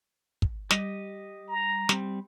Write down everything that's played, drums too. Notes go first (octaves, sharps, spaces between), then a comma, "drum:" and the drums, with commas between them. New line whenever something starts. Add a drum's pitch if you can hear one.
drum: kick
G3 G4 D#5, drum: snare
A#5
G3 C4, drum: snare